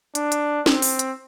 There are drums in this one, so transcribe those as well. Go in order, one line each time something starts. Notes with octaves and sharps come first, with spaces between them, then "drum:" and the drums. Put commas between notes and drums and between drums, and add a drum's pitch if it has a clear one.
D4, drum: hi-hat
drum: hi-hat
C4, drum: snare
drum: open hi-hat
drum: hi-hat